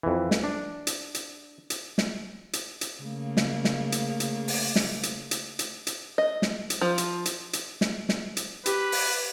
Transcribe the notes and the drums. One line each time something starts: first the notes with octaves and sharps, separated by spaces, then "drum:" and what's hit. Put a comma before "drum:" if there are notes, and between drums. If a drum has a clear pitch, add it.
F2 E3
drum: snare
D4
drum: hi-hat
drum: hi-hat
drum: hi-hat
drum: snare
drum: hi-hat
drum: hi-hat
C#3 A3 A#3
drum: snare
drum: snare
drum: hi-hat
drum: hi-hat
drum: open hi-hat
drum: snare
drum: hi-hat
drum: hi-hat
drum: hi-hat
drum: hi-hat
D#5
drum: snare
drum: hi-hat
F3
drum: hi-hat
drum: hi-hat
drum: hi-hat
drum: snare
drum: snare
drum: hi-hat
G4 B4, drum: hi-hat
drum: open hi-hat